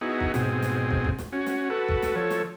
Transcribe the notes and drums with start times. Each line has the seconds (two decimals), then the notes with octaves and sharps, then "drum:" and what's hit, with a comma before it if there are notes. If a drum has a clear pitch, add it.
0.01 B3 D#4 E4 F#4 G#4
0.20 drum: kick
0.34 G#2 B2 C4 G#4, drum: snare
0.62 drum: snare
0.90 drum: kick
1.04 drum: kick
1.18 drum: snare
1.32 C#4 F#4
1.46 drum: snare
1.70 F#4 A4 B4
1.88 drum: kick
2.02 drum: snare
2.15 F3 A4 C#5
2.31 drum: snare